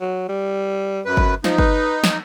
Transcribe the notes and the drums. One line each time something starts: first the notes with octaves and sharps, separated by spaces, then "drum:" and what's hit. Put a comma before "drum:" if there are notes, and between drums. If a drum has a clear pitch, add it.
F#3
G3
F#2 B4
drum: kick G1
F3 D#4, drum: snare
B4, drum: kick G1
drum: snare